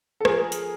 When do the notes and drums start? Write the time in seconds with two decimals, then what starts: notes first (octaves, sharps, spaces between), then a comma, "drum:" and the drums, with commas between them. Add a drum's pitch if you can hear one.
0.20 A4
0.25 F3 G#4 A#4, drum: rim click
0.52 drum: hi-hat